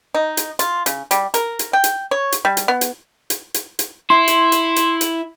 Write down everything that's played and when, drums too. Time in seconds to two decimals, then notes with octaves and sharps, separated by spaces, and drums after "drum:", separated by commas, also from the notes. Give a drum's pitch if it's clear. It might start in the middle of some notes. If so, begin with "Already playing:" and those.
0.15 D#4
0.37 drum: hi-hat
0.59 F4, drum: hi-hat
0.86 C#3, drum: hi-hat
1.11 G3, drum: hi-hat
1.34 A#4, drum: hi-hat
1.59 drum: hi-hat
1.73 G5
1.84 drum: hi-hat
2.11 C#5
2.32 drum: hi-hat
2.45 G3
2.57 drum: hi-hat
2.68 B3
2.81 drum: hi-hat
3.30 drum: hi-hat
3.54 drum: hi-hat
3.79 drum: hi-hat
4.10 E4 C6
4.28 drum: hi-hat
4.52 drum: hi-hat
4.76 drum: hi-hat
5.01 drum: hi-hat